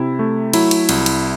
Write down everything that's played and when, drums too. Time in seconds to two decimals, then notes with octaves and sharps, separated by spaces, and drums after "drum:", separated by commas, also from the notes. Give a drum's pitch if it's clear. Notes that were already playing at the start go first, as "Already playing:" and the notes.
Already playing: C3 E4
0.19 A3
0.53 F#3 E4, drum: cymbal
0.71 drum: cymbal
0.89 C2, drum: cymbal
1.06 drum: cymbal